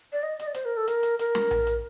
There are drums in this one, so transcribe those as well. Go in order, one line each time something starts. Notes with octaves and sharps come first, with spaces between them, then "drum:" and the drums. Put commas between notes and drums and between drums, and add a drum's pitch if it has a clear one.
D5
D#5
D#5, drum: hi-hat
D5
C5, drum: hi-hat
A#4
A4
A#4, drum: hi-hat
drum: hi-hat
A#4, drum: hi-hat
drum: snare
drum: tom A#1
drum: hi-hat